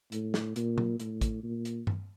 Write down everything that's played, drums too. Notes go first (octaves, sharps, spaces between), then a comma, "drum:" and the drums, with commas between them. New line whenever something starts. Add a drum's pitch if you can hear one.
A2, drum: hi-hat
drum: snare
A#2, drum: hi-hat
drum: tom A#2
A2, drum: hi-hat
drum: kick, hi-hat
A#2
drum: hi-hat
drum: tom G2